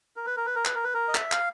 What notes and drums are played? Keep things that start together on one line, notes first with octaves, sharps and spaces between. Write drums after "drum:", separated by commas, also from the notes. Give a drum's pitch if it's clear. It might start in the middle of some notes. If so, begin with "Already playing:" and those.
A#4
B4
A#4
B4
A#4
B4, drum: clap
A#4
B4
A#4
D#5
E5, drum: clap
F5, drum: clap